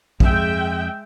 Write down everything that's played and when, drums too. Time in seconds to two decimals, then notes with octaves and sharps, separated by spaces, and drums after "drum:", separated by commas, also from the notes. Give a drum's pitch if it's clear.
0.20 F2 G#3 E5 G5, drum: kick